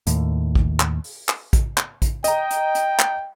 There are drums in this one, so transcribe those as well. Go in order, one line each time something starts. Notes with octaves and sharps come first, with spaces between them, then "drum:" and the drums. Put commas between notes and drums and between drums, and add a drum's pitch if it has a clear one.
D#2 A2, drum: hi-hat
drum: kick A1
drum: clap
drum: open hi-hat
drum: clap
drum: kick A1, hi-hat
drum: clap
drum: kick A1, hi-hat
D#5 G5 A#5, drum: hi-hat
drum: hi-hat
drum: hi-hat
drum: clap